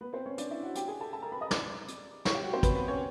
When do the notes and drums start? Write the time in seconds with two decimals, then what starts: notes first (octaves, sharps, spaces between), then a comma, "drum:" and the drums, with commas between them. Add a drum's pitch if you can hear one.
0.01 B3 B4
0.13 C4 C5
0.26 C#4 C#5
0.38 D4 D5, drum: hi-hat
0.51 E4 E5
0.63 F#4 F#5
0.75 G4 G5, drum: hi-hat
0.88 G#4 G#5
1.01 A4 A5
1.13 A4 A5
1.22 A#4 A#5
1.32 B4 B5
1.41 D#5 D#6
1.51 D5 D6, drum: snare
1.88 drum: hi-hat
2.25 C#5 C#6, drum: snare
2.35 G4 G5
2.44 F#4 F#5
2.53 C4 C5
2.63 B3 B4, drum: kick, hi-hat
2.75 B3 B4
2.88 C#4 C#5